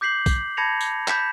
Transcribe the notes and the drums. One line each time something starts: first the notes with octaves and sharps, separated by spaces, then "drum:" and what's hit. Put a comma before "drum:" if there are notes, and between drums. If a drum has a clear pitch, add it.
D6 G6 B6 C7 F#7
drum: kick C2, tambourine
A5 B5 G#6 A#6 C#7 F7
drum: tambourine
B5 G6 B6 E7, drum: clap